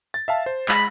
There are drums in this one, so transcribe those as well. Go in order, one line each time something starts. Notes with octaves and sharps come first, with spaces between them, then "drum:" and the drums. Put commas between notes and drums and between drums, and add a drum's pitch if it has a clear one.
A6
E5 F5 A5
C5
G#3 B5 A#6, drum: clap